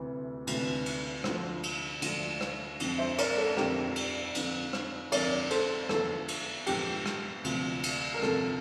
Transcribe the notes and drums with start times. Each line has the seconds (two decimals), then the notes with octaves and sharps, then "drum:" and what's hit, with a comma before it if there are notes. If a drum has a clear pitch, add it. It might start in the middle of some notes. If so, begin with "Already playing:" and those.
Already playing: D2 C3 E3
0.47 D2 C3 E3, drum: cymbal
0.86 drum: cymbal
1.24 D2 D3 F3, drum: rim click
1.63 drum: cymbal
2.02 D2 D3 F3, drum: cymbal
2.41 drum: rim click
2.80 F2 D3 F3, drum: cymbal
2.98 C5 E5
3.18 A#4 D5, drum: cymbal
3.38 A4
3.57 F2 D3 F3 G4 A#4, drum: rim click
3.96 drum: cymbal
4.35 F2 D3 F3, drum: cymbal
4.73 drum: rim click
5.12 F2 D3 F3 A#4 D5, drum: cymbal
5.50 A4 C5, drum: cymbal
5.89 E2 D3 F3 A4, drum: rim click
6.28 drum: cymbal
6.66 E2 D3 F3 G4, drum: cymbal
7.06 drum: rim click
7.44 D2 C3 F3, drum: cymbal
7.83 drum: cymbal
8.14 A#4
8.22 D2 C3 F3 A4, drum: rim click